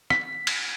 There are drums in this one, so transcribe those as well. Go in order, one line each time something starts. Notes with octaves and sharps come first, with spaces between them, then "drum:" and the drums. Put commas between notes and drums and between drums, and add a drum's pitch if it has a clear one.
B6, drum: rim click
drum: cymbal